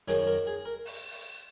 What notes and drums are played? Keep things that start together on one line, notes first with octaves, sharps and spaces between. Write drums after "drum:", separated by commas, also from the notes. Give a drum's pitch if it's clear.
F#2 D#3 F#3 G#4, drum: hi-hat
A#4
G#4
A#4
drum: open hi-hat
drum: open hi-hat